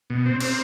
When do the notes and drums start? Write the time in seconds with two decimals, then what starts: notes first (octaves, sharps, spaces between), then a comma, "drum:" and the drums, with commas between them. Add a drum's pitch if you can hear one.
0.10 B2
0.26 C4
0.40 C4, drum: cymbal